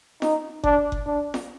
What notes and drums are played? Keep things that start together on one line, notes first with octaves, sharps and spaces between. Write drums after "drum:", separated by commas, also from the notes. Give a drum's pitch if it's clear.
D#4, drum: snare F4
D4, drum: kick F#1
drum: kick F#1
D4
drum: snare F4